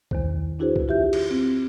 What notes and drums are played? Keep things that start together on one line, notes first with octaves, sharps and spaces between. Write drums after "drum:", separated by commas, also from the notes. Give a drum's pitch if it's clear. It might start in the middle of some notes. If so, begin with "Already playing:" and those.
E2 D#3 C5, drum: kick C2
D4 E4 F#4 G#4 B4 C5
drum: kick C2
F4 G4 E5 G6
drum: cymbal
C4